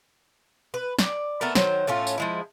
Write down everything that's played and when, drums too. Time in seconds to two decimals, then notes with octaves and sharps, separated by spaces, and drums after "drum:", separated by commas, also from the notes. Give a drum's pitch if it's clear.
0.74 B4
0.99 D5, drum: snare
1.41 A3 B3 A4 A#4
1.55 D#3 F#3 C5, drum: snare
1.87 A2 A3 C#4 F4
2.07 drum: tambourine
2.18 F3 G#3 E4